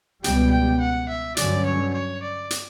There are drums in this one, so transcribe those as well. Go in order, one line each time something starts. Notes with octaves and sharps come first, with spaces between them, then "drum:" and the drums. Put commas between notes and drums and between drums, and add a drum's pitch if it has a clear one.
C#2 B2 G3 B3 G5, drum: hi-hat
G5
F#5
E5
G2 D3 F#3 C#4 D5, drum: hi-hat
C#5
C#5
D5
drum: hi-hat